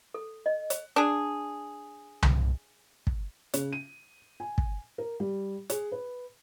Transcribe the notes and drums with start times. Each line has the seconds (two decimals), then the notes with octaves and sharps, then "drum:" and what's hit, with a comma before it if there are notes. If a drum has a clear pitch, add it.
0.14 A4
0.46 D#5
0.70 drum: hi-hat
0.96 D4 G#4
2.22 drum: tom C2
3.07 drum: kick
3.54 C#3, drum: hi-hat
3.73 D#7
4.40 G#5
4.58 drum: kick
4.98 A#4
5.20 G3
5.70 G#4, drum: hi-hat
5.92 B4